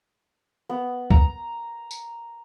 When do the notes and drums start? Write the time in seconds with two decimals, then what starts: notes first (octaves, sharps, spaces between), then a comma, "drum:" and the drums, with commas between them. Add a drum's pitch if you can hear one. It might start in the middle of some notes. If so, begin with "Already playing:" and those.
0.69 B3
1.10 A#5, drum: kick C#2
1.91 drum: tambourine